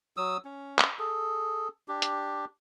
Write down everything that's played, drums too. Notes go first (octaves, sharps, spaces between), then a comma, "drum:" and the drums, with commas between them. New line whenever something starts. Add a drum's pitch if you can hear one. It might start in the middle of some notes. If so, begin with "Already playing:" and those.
F#3 D#6 E6
C#4
drum: clap
G#4 A4
D4 G4
drum: hi-hat